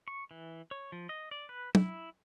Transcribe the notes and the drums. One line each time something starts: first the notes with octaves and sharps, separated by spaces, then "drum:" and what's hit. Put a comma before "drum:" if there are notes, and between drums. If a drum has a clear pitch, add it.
C#6
E3
C#5
F3
D#5
D5
B4
E4, drum: tom